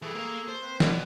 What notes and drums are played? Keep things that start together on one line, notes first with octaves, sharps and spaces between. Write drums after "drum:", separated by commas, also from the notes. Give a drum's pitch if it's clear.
E3 G3 G#4 A4 C#6
A#3 F5
C5
A#3 C4 B4
B2 B3 G#5, drum: snare